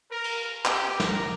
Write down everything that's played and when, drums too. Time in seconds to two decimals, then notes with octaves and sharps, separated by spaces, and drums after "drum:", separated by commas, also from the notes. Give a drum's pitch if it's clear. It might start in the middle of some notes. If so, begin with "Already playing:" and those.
0.11 A#4
0.24 drum: cymbal
0.65 G4, drum: clap
1.00 A#4, drum: snare